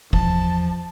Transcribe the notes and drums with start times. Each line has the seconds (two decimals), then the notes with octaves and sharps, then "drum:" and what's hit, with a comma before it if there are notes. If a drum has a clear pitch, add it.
0.13 E2 F3 A5, drum: kick